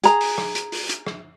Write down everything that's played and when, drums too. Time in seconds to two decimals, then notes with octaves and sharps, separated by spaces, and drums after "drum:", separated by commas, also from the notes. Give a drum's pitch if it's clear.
0.04 G#4 A#5, drum: hi-hat
0.21 drum: open hi-hat
0.38 drum: rim click
0.55 drum: hi-hat
0.72 drum: open hi-hat
0.89 drum: hi-hat
1.07 drum: rim click